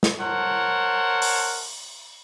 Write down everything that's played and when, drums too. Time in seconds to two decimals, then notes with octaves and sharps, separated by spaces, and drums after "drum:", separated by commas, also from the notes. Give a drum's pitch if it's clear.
0.03 drum: snare
0.20 A#4 C5 C#5 F#5 A5
1.22 drum: open hi-hat